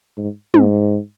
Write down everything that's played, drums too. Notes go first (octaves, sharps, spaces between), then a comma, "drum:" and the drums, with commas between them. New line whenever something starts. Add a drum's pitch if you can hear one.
G#2
G#2, drum: tom